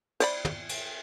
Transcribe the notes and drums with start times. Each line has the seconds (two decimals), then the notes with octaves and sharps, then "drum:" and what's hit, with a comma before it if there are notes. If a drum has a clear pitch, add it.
0.20 C5 D5 B5, drum: cymbal
0.45 drum: tom
0.69 drum: cymbal